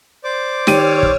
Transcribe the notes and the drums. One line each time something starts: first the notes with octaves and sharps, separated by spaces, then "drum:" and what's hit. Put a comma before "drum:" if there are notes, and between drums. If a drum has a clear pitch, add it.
C5 D5 D6
D#3 G4 C#5 E6 F6 D#7, drum: snare
drum: kick